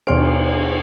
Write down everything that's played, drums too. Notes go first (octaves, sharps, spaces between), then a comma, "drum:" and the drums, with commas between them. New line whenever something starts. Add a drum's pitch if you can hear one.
D#2 B2 B3 C6 F6 D7, drum: cymbal